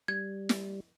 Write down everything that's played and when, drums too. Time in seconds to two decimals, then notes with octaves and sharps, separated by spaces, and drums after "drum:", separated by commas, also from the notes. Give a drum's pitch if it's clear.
0.08 G3 G#6
0.49 drum: snare